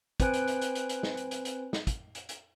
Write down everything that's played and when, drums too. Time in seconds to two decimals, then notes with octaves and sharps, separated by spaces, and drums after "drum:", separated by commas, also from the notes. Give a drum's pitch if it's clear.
0.20 C4 B4 C5 G#5 F#6 D7, drum: kick, hi-hat
0.34 drum: hi-hat
0.48 drum: hi-hat
0.61 drum: hi-hat
0.75 drum: hi-hat
0.89 drum: hi-hat
1.03 drum: snare
1.17 drum: hi-hat
1.31 drum: hi-hat
1.45 drum: hi-hat
1.73 drum: snare
1.87 drum: kick, hi-hat
2.15 drum: hi-hat
2.29 drum: hi-hat